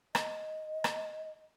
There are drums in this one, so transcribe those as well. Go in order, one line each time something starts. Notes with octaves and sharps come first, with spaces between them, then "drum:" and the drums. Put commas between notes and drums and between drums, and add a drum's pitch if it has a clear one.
D#5, drum: rim click
drum: rim click